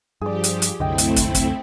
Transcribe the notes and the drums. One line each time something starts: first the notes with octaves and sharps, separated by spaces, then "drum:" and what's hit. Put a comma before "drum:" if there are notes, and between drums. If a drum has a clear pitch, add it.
G2 F3 G4 G#4 D5
drum: hi-hat
drum: hi-hat
C2 F#2 D3 A3 C4 E4 D#5 G5
drum: hi-hat
drum: kick, hi-hat
drum: kick, hi-hat